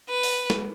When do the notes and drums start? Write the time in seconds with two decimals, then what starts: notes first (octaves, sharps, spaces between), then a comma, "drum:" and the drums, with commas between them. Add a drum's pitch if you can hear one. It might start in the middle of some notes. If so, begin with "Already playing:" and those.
0.09 B4
0.23 drum: open hi-hat
0.50 drum: snare